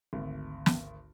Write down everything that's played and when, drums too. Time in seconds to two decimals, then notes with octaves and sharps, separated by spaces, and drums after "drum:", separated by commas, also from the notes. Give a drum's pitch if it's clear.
0.13 G#1 D2
0.66 drum: snare